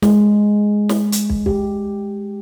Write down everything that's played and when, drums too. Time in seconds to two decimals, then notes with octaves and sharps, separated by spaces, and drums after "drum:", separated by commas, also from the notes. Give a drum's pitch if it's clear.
0.02 G#3, drum: snare
0.89 drum: snare
1.12 drum: hi-hat
1.30 drum: kick
1.46 G4, drum: kick